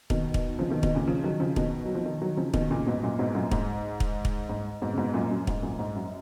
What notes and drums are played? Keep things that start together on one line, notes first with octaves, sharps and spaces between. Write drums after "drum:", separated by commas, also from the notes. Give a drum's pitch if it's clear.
B2 D#3, drum: kick
drum: kick
C#3 F3
B2 D#3
B2 D#3, drum: kick
A#2 C#3
C#3 F3
D#3 F#3
C#3 F3
B2 D#3, drum: kick
F#3
F3
B2 D#3
D#3 F#3
C#3 F3
B2 D#3, drum: kick
A#2 C#3
G#2 B2
F#2 A#2
G#2 B2
F#2 A#2
G#2, drum: kick
drum: kick
drum: kick
G#2
G#2 B2
C#3
G#2 B2
F#2 A#2
F#2
G#2, drum: kick
F#2 A#2
G#2
F#2